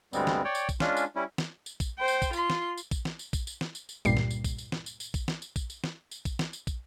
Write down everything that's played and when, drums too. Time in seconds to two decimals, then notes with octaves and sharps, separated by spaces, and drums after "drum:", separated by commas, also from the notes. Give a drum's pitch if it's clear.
0.13 D2 G2 G3 G#3 B3 C4, drum: tambourine
0.27 drum: snare
0.45 C#5 D5 G5
0.55 drum: tambourine
0.69 drum: kick, tambourine
0.80 G#3 C#4 D4 F4, drum: snare
0.97 drum: tambourine
1.16 G3 C#4 E4
1.38 drum: snare
1.66 drum: tambourine
1.80 drum: kick, tambourine
1.98 C5 G5
2.08 drum: tambourine
2.22 drum: kick, tambourine
2.33 F4 C6, drum: tambourine
2.50 drum: snare
2.77 drum: tambourine
2.91 drum: kick, tambourine
3.05 drum: snare
3.19 drum: tambourine
3.33 drum: kick, tambourine
3.47 drum: tambourine
3.61 drum: snare
3.75 drum: tambourine
3.89 drum: tambourine
4.05 C#2 G2 A#2 G3 C7, drum: kick, tambourine
4.17 drum: snare
4.31 drum: tambourine
4.44 drum: kick, tambourine
4.58 drum: tambourine
4.72 drum: snare
4.86 drum: tambourine
5.00 drum: tambourine
5.14 drum: kick, tambourine
5.28 drum: snare
5.42 drum: tambourine
5.56 drum: kick, tambourine
5.70 drum: tambourine
5.84 drum: snare
6.11 drum: tambourine
6.25 drum: kick, tambourine
6.39 drum: snare
6.53 drum: tambourine
6.67 drum: kick, tambourine